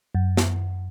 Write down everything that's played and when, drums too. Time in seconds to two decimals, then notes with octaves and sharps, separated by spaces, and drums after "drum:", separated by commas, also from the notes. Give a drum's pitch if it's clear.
0.15 F#2
0.37 drum: snare